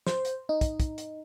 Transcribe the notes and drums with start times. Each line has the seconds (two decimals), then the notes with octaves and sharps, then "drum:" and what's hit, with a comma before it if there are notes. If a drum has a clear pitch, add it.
0.07 C5, drum: snare
0.25 drum: hi-hat
0.49 D#4
0.61 drum: kick, hi-hat
0.80 drum: kick, hi-hat
0.98 drum: hi-hat